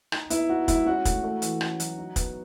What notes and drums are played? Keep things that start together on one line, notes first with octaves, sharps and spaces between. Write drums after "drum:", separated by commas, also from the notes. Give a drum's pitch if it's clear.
D#4, drum: rim click
B3 E4, drum: hi-hat
D#4 F#4
G#3 E4, drum: kick, hi-hat
C#4 F#4
A3, drum: kick, hi-hat
A3
E3, drum: hi-hat
C#4, drum: rim click
F#3, drum: hi-hat
D#4
B3, drum: kick, hi-hat